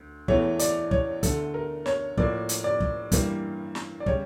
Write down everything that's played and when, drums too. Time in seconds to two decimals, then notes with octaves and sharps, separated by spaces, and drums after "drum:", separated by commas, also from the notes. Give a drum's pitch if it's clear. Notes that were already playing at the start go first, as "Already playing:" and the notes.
Already playing: D2
0.28 E2 E3 A3 C#5, drum: kick
0.59 D5, drum: hi-hat
0.91 C#5, drum: kick
1.23 D2 D3 A3 A4, drum: kick, hi-hat
1.54 A#4
1.86 C#5, drum: snare
2.17 A2 F3 A#3 D5, drum: kick
2.49 drum: hi-hat
2.64 D5
2.80 drum: kick
3.12 G2 E3 G3 A#3, drum: kick, hi-hat
3.75 drum: snare
4.00 D5
4.06 C#3 G3 C#5, drum: kick